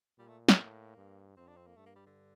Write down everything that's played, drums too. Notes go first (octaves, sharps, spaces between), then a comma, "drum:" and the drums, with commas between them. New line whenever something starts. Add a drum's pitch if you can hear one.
A#2 G3
A3
A#3, drum: snare
A2
G2
F2 C4
D4
C4
A#3
G2 A3
A#3
G3
D3